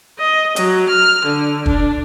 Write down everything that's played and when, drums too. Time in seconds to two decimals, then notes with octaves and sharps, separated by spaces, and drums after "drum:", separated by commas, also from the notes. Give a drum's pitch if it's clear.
0.19 D#5
0.56 F#3, drum: hi-hat
0.89 F6
1.25 D3
1.66 D4, drum: kick